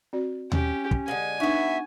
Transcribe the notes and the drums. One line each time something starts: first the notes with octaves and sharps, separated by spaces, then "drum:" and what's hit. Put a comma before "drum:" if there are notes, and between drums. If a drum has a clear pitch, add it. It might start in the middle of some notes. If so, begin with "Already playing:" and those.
C4 F#4 D5
C#4 G4, drum: tom D#2
drum: kick
D3 G#3 A#3 G#5
B3 D4 D#4 F#4 E5